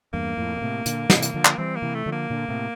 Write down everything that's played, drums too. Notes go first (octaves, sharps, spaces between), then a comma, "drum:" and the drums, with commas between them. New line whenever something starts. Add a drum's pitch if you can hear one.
E2 G2 A#3
F2 A2
A#2
A2 C3
A#2 D3, drum: hi-hat
C3 E3, drum: snare
drum: hi-hat
D3 F3
drum: clap
E3 G3 C4
A#3
C3 E3
A3
D3 F3
A#3
A#2 D3
A2 C3